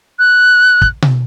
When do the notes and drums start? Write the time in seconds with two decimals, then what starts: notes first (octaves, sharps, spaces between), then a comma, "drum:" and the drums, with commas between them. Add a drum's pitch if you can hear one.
0.19 F#6
0.82 drum: kick
1.02 drum: tom B2